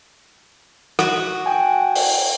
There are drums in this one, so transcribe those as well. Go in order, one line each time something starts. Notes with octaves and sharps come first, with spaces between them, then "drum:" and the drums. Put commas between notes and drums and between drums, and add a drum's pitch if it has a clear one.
F#4, drum: rim click
G5 G#5
drum: open hi-hat